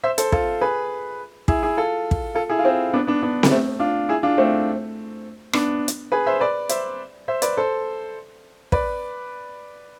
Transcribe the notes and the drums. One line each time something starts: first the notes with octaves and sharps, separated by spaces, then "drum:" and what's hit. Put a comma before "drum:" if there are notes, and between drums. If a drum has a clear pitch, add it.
C5 E5
A4 C5, drum: hi-hat
F4 A4, drum: kick
G#4 B4
E4 G#4, drum: kick
E4 G#4
F4 A4
drum: kick
F4 A4
E4 G#4
F4
C4 E4
B3 D4
B3 D4
B3 D4
B3, drum: snare C4
A3 C4
D4 F4
E4 G#4
D4 F4
A3 C4
B3 D4, drum: rim click
drum: hi-hat
G#4 B4
C5 E5
B4 D5
C5 E5, drum: hi-hat
C5 E5
B4 D5, drum: hi-hat
A4 C5
B4 D5, drum: kick